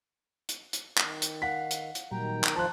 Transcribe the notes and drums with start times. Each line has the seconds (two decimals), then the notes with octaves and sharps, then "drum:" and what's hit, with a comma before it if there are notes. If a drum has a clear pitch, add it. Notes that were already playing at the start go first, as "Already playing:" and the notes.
0.49 drum: hi-hat
0.73 drum: hi-hat
0.98 D#3, drum: clap
1.22 drum: hi-hat
1.42 F5 F#5 B6
1.71 drum: hi-hat
1.95 drum: hi-hat
2.11 A#2 D#3 F#3 G3 G5 A#5
2.44 drum: clap
2.56 D#3 F3 F4 C5 A5 F#6